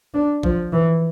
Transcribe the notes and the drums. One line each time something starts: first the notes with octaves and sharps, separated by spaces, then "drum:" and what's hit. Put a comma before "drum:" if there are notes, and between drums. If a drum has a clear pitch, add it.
D4
F3, drum: kick A1
E3